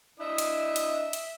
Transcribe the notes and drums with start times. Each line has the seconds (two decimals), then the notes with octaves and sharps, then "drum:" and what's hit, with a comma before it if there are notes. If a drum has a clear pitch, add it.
0.20 D4 E4 D#5 E5
0.38 drum: hi-hat
0.76 drum: hi-hat
1.13 drum: hi-hat